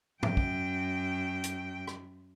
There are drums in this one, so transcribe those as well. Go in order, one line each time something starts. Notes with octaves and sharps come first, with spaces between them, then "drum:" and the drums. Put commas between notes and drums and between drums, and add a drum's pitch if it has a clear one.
F#2 G5, drum: tom G#2
drum: kick
drum: hi-hat
drum: rim click